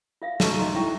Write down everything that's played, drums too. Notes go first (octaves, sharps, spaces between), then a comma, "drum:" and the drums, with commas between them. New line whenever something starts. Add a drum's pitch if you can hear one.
F4 E5 F5
D#4 A4 D#5 A#5 C#6, drum: snare
D#4 D#5 A#5 C6
E4 C5 E5 G5 C#6